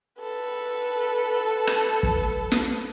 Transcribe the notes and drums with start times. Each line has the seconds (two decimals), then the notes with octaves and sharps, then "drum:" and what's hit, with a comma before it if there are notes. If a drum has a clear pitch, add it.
0.19 A4 B4
1.67 drum: rim click
2.03 drum: kick
2.52 drum: snare